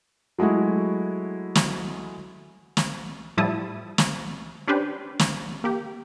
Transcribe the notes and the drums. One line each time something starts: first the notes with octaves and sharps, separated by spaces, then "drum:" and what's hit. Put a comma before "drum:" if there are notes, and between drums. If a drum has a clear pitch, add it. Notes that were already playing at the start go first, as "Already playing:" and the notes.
F#3 G#3 A3 E4 F#4
drum: snare
drum: snare
A2 F3 G3 E4 A5 D#6
drum: snare
C#4 D4 G4 B4 C5
drum: snare
A#3 G4